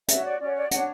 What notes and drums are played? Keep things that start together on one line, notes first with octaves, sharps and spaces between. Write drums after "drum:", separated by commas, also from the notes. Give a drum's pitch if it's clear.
F#4 C#5 E5, drum: hi-hat
D5
C#4 F#4 C#5 D5
D5
D4 F#4 C#5 F#5, drum: hi-hat